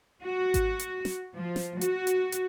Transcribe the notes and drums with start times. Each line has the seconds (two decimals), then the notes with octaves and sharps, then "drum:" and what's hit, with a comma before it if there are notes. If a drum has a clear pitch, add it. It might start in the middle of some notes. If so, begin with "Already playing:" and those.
0.23 F#4
0.54 drum: kick G#1, hi-hat
0.79 drum: hi-hat
1.05 drum: snare
1.37 F3
1.56 drum: snare
1.81 F#4, drum: hi-hat
2.07 drum: hi-hat
2.32 drum: hi-hat